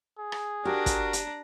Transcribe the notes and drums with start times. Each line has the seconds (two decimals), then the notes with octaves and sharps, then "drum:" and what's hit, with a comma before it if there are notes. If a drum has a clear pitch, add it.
0.19 G#4
0.32 drum: rim click
0.65 D4 F#4 G4 A#4 A#5
0.86 drum: kick, hi-hat
1.13 drum: hi-hat